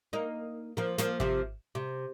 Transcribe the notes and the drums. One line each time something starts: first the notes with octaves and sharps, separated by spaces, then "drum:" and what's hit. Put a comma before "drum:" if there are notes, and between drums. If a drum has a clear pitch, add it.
A#3 D#4
F3 A#3
F3 A#3, drum: snare
C3 F3, drum: kick G#1
C3